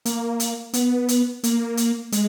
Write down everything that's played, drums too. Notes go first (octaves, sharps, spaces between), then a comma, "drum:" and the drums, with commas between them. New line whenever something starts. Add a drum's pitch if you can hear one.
A#3, drum: hi-hat
drum: hi-hat
B3, drum: hi-hat
drum: hi-hat
A#3, drum: hi-hat
drum: hi-hat
G#3, drum: hi-hat